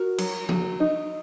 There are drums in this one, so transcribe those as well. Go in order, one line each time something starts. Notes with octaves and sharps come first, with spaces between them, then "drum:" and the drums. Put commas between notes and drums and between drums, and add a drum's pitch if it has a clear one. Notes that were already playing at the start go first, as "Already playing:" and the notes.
Already playing: F#4 A#4
F#3, drum: cymbal
F#3, drum: tom F3
D#4